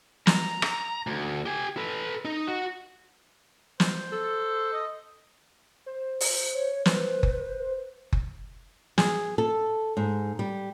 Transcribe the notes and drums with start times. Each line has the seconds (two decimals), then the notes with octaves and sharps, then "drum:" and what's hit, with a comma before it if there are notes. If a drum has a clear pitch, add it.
0.27 A#5, drum: snare
0.62 drum: rim click
1.07 D2
1.46 G4 G#5
1.77 A4 B4
2.25 D#4
2.47 F#4
3.80 C5, drum: snare
4.12 A4
4.73 D#5
5.86 C5
6.21 drum: open hi-hat
6.53 C#5
6.86 B4 C5, drum: snare
7.23 drum: kick F#1
8.13 drum: kick F#1
8.98 G#4, drum: snare
9.38 A4
9.97 G#2
10.39 G3